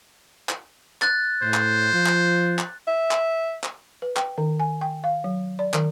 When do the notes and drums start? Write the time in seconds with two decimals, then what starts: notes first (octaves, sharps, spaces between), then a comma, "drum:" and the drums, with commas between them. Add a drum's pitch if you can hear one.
0.49 drum: clap
1.02 F#6 A6, drum: clap
1.42 A2 C5
1.54 drum: clap
1.92 F3
2.06 drum: clap
2.59 drum: clap
2.88 E5
3.11 drum: clap
3.64 drum: clap
4.02 B4
4.16 G5, drum: clap
4.38 D#3
4.60 G#5
4.81 G5
5.04 F5
5.24 F#3
5.59 D5
5.74 D#3, drum: clap